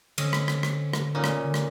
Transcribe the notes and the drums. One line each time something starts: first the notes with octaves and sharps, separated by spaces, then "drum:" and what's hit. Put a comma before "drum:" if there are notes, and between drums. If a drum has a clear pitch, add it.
D3 C4 C#4 D#5, drum: cymbal
drum: rim click
drum: rim click
drum: rim click
drum: rim click
A#2 C#4 D#4
drum: rim click
D3
drum: rim click